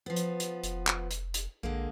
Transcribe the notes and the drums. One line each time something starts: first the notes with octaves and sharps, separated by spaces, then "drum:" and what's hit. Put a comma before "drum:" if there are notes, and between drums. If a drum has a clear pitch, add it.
F3 B3
drum: hi-hat
drum: hi-hat
F1, drum: hi-hat
drum: clap
drum: hi-hat
drum: hi-hat
A#1 D3 G#3 A#3